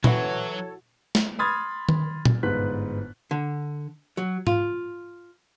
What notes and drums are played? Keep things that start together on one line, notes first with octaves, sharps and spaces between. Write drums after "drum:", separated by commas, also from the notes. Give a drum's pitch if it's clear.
E3 F#3 E4 F#4 A4 C#5 F#5, drum: tom A#2
drum: snare
B5 C6 D#6 F6 G#6 A6
drum: tom D#3
drum: tom A#2
G1 G#2 B4 F#6 B6
D3
F#3
F4, drum: tom G#2